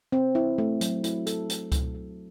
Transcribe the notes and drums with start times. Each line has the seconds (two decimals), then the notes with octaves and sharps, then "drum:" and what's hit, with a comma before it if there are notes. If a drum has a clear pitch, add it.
0.12 C4
0.35 E4
0.58 A3
0.81 F#3, drum: hi-hat
1.04 E4, drum: hi-hat
1.26 A4, drum: hi-hat
1.49 E4, drum: hi-hat
1.72 F#3, drum: kick C#2, hi-hat
1.95 A4